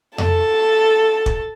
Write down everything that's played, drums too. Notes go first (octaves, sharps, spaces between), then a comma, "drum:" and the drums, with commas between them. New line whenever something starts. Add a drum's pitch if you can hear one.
A4 A5, drum: tom F2
drum: kick